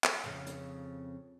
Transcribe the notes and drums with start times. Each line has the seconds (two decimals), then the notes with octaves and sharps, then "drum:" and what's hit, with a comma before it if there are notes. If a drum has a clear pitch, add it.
0.04 drum: clap
0.24 F2 C#3
0.46 drum: hi-hat